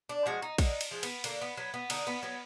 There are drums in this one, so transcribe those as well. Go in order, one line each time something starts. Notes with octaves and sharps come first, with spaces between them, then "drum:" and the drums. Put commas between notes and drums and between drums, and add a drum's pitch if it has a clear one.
D4
F3 G#3 F#4
D#4
D3 D#4, drum: kick A#1, cymbal
drum: cymbal
F3 G#3
B3, drum: cymbal
D3 A#3, drum: cymbal
B3
F#3 B3
B3
D3 D#4, drum: cymbal
B3
F#3 B3